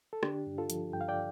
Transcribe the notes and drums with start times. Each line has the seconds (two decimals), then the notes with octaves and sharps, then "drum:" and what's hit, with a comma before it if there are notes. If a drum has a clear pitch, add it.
0.13 A4
0.23 D3 D4 G4, drum: rim click
0.47 G2
0.58 F4 A4
0.70 F3, drum: hi-hat
0.93 G2 G5
1.01 F5
1.08 D5 G5